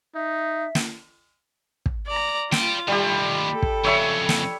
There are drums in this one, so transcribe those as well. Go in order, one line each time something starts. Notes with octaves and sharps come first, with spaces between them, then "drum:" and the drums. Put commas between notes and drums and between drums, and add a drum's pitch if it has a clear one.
D#4 E5
drum: snare
drum: kick
D5 A#5
F4 D5 G5, drum: snare
D#3 G3 A3 G4
A4
drum: kick
F2 C#3 C#5 E5 C#6
drum: snare